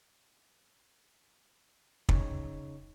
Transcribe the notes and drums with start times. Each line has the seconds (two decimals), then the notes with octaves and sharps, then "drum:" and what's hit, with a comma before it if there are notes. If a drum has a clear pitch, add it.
2.09 C#3 D#4 C#5, drum: kick